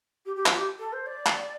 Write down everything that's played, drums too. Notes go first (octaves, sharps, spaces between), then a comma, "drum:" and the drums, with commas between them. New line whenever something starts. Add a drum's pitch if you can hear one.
G4
G4
F4, drum: clap
G4
A4
C5
D5
drum: clap